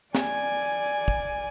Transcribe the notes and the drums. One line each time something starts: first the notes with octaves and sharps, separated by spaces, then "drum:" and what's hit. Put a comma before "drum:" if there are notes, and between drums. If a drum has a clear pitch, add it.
D5 G#5, drum: snare
drum: kick